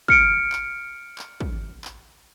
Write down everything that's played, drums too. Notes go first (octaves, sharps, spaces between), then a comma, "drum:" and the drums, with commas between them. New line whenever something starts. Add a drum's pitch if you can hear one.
F6 C#7 D7, drum: kick
drum: clap
drum: clap
drum: kick
drum: clap